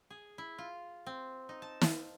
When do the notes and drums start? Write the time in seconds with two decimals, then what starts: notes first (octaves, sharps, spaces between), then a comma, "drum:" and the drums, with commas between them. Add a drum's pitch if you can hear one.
0.10 G#4
0.38 E4
0.58 F4
1.06 C4
1.49 D#4
1.62 A5
1.81 F5, drum: snare